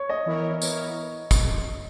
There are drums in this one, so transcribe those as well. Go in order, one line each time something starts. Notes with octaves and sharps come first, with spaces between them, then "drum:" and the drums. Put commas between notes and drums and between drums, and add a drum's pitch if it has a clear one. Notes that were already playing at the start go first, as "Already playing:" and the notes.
Already playing: C#5
D#5
E3 B3 E4 A#4 C#5
E3 B3 E4 A#4 C#5, drum: tambourine
drum: kick, tambourine